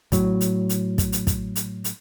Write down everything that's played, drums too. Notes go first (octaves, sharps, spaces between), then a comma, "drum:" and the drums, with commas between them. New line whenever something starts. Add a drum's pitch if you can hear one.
A2 F#3, drum: kick, hi-hat
drum: hi-hat
drum: hi-hat
drum: kick, hi-hat
drum: hi-hat
drum: kick, hi-hat
drum: hi-hat
drum: hi-hat